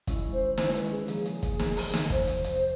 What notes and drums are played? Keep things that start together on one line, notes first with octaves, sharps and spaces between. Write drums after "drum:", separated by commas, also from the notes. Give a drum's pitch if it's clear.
D#3 G#3 C#4 E4, drum: kick, hi-hat
C5
D#3 G#3 C#4 E4 C5, drum: snare
B4, drum: hi-hat
G#4
C#3 F3 A#3 G#4, drum: hi-hat
drum: hi-hat
drum: kick, hi-hat
C#3 F3 A#3, drum: snare
drum: open hi-hat
drum: snare
E2 C3 F3 C5, drum: kick, hi-hat
drum: hi-hat
drum: hi-hat